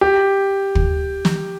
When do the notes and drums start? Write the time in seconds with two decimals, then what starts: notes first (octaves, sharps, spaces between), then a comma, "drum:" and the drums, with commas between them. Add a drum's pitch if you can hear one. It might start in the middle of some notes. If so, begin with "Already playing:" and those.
0.01 G4
0.75 drum: kick
1.25 drum: snare